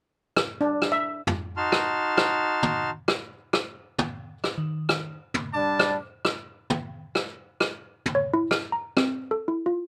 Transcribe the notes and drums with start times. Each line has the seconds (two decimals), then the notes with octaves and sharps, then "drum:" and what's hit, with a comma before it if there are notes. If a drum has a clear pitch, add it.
0.36 drum: rim click
0.61 D4
0.82 drum: rim click
0.92 E5
1.27 drum: tom
1.57 D#4 F#4 A5 C6 F6
1.72 drum: rim click
2.17 drum: rim click
2.63 drum: tom
3.08 drum: rim click
3.53 drum: rim click
3.98 drum: tom
4.44 drum: rim click
4.58 D#3
4.89 drum: rim click
5.34 drum: tom
5.53 G3 D4 A5 D6
5.79 drum: rim click
6.25 drum: rim click
6.70 drum: tom
7.15 drum: rim click
7.60 drum: rim click
8.06 drum: tom
8.15 C#5
8.34 E4
8.51 F6, drum: rim click
8.72 A#5
8.97 C4, drum: rim click
9.31 A4
9.48 E4
9.66 F4